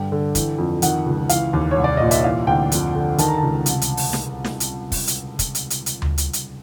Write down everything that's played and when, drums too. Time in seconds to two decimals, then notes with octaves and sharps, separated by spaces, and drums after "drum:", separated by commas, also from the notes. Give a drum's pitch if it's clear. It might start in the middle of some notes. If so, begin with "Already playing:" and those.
Already playing: G2 D3 G5
0.12 D3
0.35 E3, drum: kick, hi-hat
0.58 F2
0.82 D#3 F#5, drum: hi-hat
1.06 C#2
1.29 E3 F5, drum: hi-hat
1.53 D#2
1.71 C#5
1.77 C2
1.84 D5
1.97 A#2 D#5
2.11 E5, drum: hi-hat
2.24 E3 F5
2.47 D2 G5
2.72 F2, drum: hi-hat
2.95 D3
3.18 D#3 A5, drum: hi-hat
3.28 A#5
3.38 C#2 A5
3.66 C2, drum: hi-hat
3.82 drum: hi-hat
3.97 drum: open hi-hat
4.13 drum: snare
4.44 drum: snare
4.60 drum: hi-hat
4.92 drum: kick, open hi-hat
5.07 drum: hi-hat
5.39 drum: kick, hi-hat
5.55 drum: hi-hat
5.70 drum: hi-hat
5.86 drum: hi-hat
6.02 drum: tom D2
6.18 drum: hi-hat
6.33 drum: hi-hat